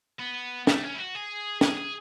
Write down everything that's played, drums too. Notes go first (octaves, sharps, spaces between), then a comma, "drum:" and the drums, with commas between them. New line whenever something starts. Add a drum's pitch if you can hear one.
B3
A3, drum: snare
C#4
E4
F#4
G#4
G#4, drum: snare
G#4